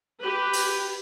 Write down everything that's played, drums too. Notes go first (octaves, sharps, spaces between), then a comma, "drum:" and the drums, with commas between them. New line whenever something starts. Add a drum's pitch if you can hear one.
G4 B4
drum: open hi-hat